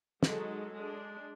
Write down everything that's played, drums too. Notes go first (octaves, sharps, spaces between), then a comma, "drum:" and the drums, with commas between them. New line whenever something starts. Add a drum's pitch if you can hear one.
F#3 G#3 D#4 A4, drum: snare
G#3 D4